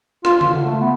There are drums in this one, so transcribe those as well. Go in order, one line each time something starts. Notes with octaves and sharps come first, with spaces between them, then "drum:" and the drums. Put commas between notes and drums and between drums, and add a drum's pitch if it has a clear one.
F4, drum: rim click
F4, drum: tom C#3
D3
A3
B3